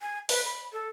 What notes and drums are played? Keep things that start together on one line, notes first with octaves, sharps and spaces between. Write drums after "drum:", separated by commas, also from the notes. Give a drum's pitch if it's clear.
G#5
B4, drum: open hi-hat
B5
A4